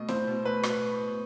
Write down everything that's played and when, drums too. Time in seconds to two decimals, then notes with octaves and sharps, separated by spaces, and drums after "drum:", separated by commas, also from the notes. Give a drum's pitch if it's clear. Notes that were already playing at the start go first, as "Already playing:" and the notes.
Already playing: B2 A3 D#5
0.08 E4 C5, drum: snare
0.27 B2
0.45 A3 B4
0.63 B2, drum: rim click
0.70 B4